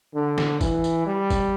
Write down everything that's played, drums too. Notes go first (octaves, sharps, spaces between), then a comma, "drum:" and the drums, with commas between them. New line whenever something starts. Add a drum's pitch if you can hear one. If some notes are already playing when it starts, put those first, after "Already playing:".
D3
drum: snare
E3, drum: kick, tambourine
drum: tambourine
G3
drum: kick, tambourine